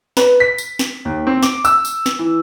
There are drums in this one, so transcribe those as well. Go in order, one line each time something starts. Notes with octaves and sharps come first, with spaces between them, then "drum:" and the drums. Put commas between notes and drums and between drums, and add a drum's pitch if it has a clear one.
B4, drum: snare
B6
drum: tambourine
drum: snare
D#2
C4
D6, drum: snare
E6, drum: tambourine
drum: tambourine
drum: snare
E3